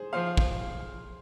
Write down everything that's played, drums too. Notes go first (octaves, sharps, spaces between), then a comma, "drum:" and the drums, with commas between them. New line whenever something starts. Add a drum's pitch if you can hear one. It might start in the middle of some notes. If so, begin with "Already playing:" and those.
Already playing: G#4 C5
F3 C5 F5
drum: kick